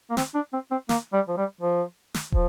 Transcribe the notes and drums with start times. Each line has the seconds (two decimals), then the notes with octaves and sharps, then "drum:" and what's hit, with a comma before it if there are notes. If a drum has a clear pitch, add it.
0.10 A#3
0.17 C4, drum: snare
0.35 D4
0.53 C4
0.71 C4
0.89 A#3, drum: snare
1.13 G3
1.28 F3
1.37 G3
1.61 F3
2.14 drum: snare
2.32 F3, drum: kick